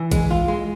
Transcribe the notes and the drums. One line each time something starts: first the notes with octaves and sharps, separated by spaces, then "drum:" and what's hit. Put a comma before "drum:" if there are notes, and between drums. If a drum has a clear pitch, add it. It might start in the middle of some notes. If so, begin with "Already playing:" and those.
Already playing: E3
G#3, drum: kick A1, hi-hat
F4
G#3